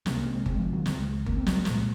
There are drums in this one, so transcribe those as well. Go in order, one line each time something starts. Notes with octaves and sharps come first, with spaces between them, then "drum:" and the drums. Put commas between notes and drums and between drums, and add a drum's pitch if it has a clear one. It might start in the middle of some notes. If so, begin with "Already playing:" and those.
C2 C3 A#3 C#4, drum: snare
G#3 C4
G#3 C4, drum: kick G1
F3
D#3 F#3
C#2 C#3 G#3 C4, drum: snare
A#3, drum: kick G1
C4
F#3 A#3, drum: snare
C2 A#2 F3 G#3, drum: snare